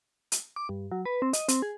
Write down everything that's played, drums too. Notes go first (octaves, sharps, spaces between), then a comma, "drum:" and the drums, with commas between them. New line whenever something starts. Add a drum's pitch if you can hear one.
drum: hi-hat
D6
G2
F#3
B4
C4
D#5, drum: hi-hat
C4, drum: hi-hat
G#4